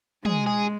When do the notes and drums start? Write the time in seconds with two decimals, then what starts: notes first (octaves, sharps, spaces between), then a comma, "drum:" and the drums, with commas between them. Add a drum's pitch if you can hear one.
0.25 G#3 G#4, drum: tom
0.47 G#4